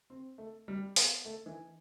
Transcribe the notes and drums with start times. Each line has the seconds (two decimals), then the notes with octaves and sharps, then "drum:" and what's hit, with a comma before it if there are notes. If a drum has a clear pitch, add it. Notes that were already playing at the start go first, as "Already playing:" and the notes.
0.10 C4
0.38 A3
0.68 G3
0.96 B3, drum: open hi-hat
1.25 A3
1.46 E3